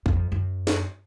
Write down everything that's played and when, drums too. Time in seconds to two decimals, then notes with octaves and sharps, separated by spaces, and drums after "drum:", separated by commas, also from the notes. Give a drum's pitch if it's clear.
0.06 F2, drum: kick
0.32 F#2
0.67 drum: snare